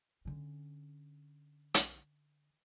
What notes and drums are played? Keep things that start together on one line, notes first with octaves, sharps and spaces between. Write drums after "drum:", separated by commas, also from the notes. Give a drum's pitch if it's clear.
D3 C#4
drum: hi-hat